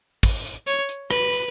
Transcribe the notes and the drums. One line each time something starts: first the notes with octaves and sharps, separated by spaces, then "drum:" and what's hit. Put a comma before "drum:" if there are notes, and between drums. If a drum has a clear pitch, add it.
drum: kick, open hi-hat
drum: hi-hat
C#5, drum: hi-hat
drum: hi-hat
B4, drum: rim click
drum: hi-hat